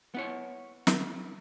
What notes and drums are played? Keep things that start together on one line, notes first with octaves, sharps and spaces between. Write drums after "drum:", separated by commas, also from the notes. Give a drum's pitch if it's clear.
B3 E4 C#5
drum: snare